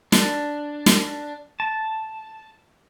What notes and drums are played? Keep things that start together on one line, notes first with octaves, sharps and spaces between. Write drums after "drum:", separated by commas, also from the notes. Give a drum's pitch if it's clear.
D4, drum: snare
drum: snare
A5